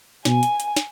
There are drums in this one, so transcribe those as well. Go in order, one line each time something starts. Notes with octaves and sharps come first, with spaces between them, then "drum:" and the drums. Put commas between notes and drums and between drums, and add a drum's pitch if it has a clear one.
B2 G#5, drum: snare
drum: hi-hat
drum: hi-hat
drum: snare